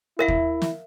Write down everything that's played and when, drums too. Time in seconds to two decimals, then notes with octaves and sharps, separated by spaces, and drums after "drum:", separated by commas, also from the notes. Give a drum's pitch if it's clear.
0.19 E4 A#4 E5 F5
0.28 drum: kick D#2
0.62 drum: snare